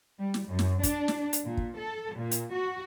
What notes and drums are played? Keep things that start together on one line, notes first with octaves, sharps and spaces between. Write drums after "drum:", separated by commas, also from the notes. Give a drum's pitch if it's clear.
G3
drum: snare
F#2
drum: snare
D4, drum: kick, hi-hat
drum: snare
drum: hi-hat
A#2
drum: kick
A4
A#2
drum: hi-hat
F#4